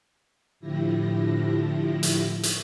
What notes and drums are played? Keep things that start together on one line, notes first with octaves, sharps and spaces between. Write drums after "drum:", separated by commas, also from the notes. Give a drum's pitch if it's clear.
A2 D3 F3 E4 G4 A#6
drum: hi-hat
drum: hi-hat